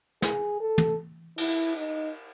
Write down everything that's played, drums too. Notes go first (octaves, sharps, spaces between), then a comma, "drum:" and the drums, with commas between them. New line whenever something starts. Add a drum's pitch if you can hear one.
G#4, drum: snare
A4
drum: tom
E4, drum: cymbal
D#4